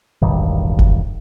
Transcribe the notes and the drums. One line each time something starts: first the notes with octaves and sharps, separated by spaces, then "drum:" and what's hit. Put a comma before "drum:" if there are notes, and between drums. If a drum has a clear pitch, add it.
E1 A1 G2 D#3
drum: kick